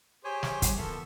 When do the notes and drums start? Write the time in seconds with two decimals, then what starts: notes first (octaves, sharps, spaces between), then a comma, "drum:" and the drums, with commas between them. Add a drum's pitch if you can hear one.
0.24 G4 G#4 C5 C#5 G#5
0.43 E3, drum: snare
0.62 G3, drum: kick, hi-hat
0.78 C#3 E3 F3 A#3 B3 A4 E5 C#6